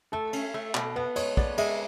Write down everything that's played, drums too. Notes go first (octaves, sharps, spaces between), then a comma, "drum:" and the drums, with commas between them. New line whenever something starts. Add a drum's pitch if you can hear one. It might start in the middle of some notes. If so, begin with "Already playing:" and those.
A3 A4
C#4, drum: cymbal
A3
B2, drum: clap
B3 B4
G#3 C#5, drum: cymbal
B3 D5, drum: kick
G#3 E5, drum: cymbal